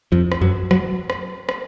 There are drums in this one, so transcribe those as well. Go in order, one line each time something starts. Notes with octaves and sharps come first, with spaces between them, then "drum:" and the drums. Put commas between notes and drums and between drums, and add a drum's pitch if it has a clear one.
F2 F3
drum: rim click
F#2 F#3
F#3, drum: rim click
drum: rim click
drum: rim click